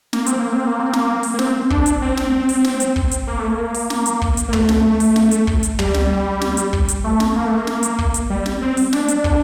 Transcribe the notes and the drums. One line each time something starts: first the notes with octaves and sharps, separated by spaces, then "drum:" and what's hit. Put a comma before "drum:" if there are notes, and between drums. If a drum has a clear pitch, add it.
A#3, drum: snare
C4, drum: hi-hat
A#3
C4
A#3
C4
A#3, drum: snare
drum: open hi-hat
A#3
C4, drum: snare
D4, drum: kick
drum: hi-hat
C4
drum: snare
drum: open hi-hat
drum: snare
drum: hi-hat
drum: kick
drum: hi-hat
A#3
A3
A#3
drum: open hi-hat
drum: snare
drum: hi-hat
drum: kick
drum: hi-hat
A#3
A3, drum: tom
drum: snare
drum: open hi-hat
drum: snare
drum: hi-hat
drum: kick
drum: hi-hat
G3, drum: tom
drum: snare
drum: snare
drum: hi-hat
drum: kick
drum: hi-hat
A3
drum: snare
A#3
A3
A#3
drum: snare
drum: hi-hat
drum: kick
drum: hi-hat
G3
drum: snare
C4
drum: open hi-hat
D4, drum: snare
drum: hi-hat
drum: kick